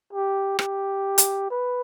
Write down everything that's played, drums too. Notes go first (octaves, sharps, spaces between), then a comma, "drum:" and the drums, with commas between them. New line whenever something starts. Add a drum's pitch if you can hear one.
G4
G4, drum: rim click
drum: hi-hat
B4